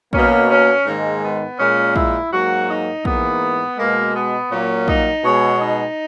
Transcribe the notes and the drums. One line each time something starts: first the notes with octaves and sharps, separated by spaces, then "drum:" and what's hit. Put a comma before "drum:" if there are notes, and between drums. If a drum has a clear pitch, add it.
B2 A#3 C#4, drum: kick
C#4
G#2 D#3 G#3 A#3
B3
A#2 G#3 C#4
E4, drum: kick
G#2 F#3 A#3 F#4
D#4
G#2 E3 A#3 B3, drum: kick
B2 G#3 A#3
B3
A#2 F#3 A#3 C#4
D#4, drum: kick
B2 G#3 C#5
D#4